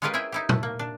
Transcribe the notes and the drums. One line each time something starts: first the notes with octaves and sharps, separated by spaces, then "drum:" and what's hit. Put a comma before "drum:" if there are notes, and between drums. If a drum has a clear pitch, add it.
G#3 C#4 F4 G4 A#4 B4
E4 G#4 E5 G5
D#4 E4 G4
A3, drum: tom
A#3
D4